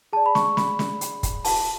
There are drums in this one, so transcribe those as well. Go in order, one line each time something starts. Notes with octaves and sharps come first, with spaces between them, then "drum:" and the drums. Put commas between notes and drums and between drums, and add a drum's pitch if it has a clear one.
G#4 D5 A5
B5
C#6, drum: snare
B5, drum: snare
drum: snare
drum: hi-hat
drum: kick, hi-hat
A5, drum: open hi-hat